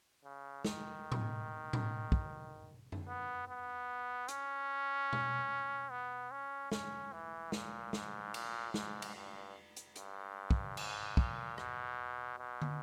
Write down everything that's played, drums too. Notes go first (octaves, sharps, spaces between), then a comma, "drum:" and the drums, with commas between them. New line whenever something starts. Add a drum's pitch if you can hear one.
C#3
D#3, drum: snare
drum: tom A2
drum: tom A2
drum: kick
drum: tom F#2
B3
B3
C#4, drum: hi-hat
drum: tom B2
B3
C#4
C#4, drum: snare
E3
A#2, drum: snare
G#2, drum: snare
A#2, drum: cymbal
G#2, drum: snare
drum: cymbal
G2
drum: hi-hat
G2, drum: hi-hat
drum: kick
G#2, drum: cymbal
A#2, drum: kick
B2, drum: rim click
B2
drum: tom